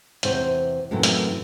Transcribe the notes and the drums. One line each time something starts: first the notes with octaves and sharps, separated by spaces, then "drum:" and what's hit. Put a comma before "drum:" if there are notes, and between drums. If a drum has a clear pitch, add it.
E2 C3 C5 C#5, drum: hi-hat
F#2 A2 C3 D#3 E3
drum: hi-hat